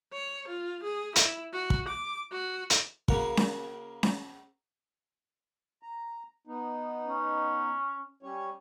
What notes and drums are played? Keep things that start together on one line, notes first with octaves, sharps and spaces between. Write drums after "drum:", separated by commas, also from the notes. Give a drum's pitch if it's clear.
C#5
F4
G#4
E4, drum: hi-hat
F#4
drum: kick
D6
F#4
drum: hi-hat
C#3 A#3 F#4, drum: kick
drum: snare C#4
drum: snare C#4
A#5
B3 D#4
C#4
G3 C#4 C#5